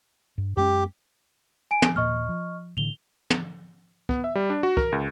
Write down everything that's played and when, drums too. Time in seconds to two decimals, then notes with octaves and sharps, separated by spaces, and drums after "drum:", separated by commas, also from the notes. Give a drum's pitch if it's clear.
0.38 G2
0.57 F#2 G#3 C#4 G4
1.71 G#5 D7
1.82 drum: tom
1.96 D#1 A#2 A#3 D#5 C#6 F6
2.29 F3
2.77 A2 D3 E3 F7 G7
3.30 drum: tom
4.09 B3, drum: kick
4.24 E5
4.35 G3
4.50 D4
4.63 F#4
4.77 A#4, drum: kick
4.92 C#2